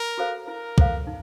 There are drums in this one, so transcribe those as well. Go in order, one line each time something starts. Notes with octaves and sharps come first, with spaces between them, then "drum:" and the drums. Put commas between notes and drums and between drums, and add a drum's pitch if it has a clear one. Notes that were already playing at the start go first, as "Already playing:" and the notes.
Already playing: A#4
F#4 A4 C5 F5
E4 A#4
A4 C5 F5, drum: kick
D#4